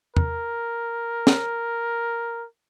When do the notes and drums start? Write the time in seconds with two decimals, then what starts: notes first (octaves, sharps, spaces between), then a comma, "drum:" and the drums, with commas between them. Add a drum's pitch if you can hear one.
0.17 A#4, drum: tom
1.27 drum: snare